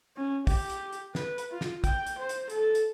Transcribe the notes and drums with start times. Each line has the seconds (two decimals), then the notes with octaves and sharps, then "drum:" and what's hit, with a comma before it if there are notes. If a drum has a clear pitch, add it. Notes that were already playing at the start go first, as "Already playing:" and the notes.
0.16 C#4
0.47 G4, drum: kick, open hi-hat
0.70 drum: hi-hat
0.93 drum: hi-hat
1.15 B4, drum: snare
1.38 drum: hi-hat
1.51 F4
1.61 drum: snare
1.84 G5, drum: kick, hi-hat
2.06 drum: hi-hat
2.19 C5
2.29 drum: hi-hat
2.50 A4, drum: hi-hat
2.75 drum: hi-hat